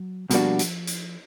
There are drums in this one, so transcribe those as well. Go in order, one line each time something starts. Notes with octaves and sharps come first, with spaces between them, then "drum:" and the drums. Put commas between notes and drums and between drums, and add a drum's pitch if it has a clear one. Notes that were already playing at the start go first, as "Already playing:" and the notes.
Already playing: F#3
B2 F3 G3 A#3 D4 F#4, drum: hi-hat
drum: hi-hat
drum: hi-hat